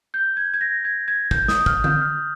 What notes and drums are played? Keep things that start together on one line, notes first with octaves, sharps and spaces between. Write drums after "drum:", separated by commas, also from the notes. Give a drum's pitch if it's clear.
G6
G#6
G#6
A#6
G#6
G#6
G6, drum: kick
D#6, drum: snare
F6, drum: kick
G6, drum: tom D3
F6